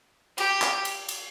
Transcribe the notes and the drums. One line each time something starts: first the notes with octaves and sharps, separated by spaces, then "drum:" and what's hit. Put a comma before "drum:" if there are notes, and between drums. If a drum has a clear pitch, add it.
G4, drum: cymbal
drum: clap
drum: cymbal
drum: cymbal